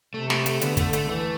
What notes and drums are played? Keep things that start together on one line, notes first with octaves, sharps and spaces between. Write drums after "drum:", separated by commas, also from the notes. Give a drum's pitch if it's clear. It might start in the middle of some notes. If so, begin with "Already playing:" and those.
C3 A3
A3, drum: snare
A3, drum: hi-hat
D3 B3, drum: hi-hat
A3, drum: kick, hi-hat
A3, drum: hi-hat
E3 A3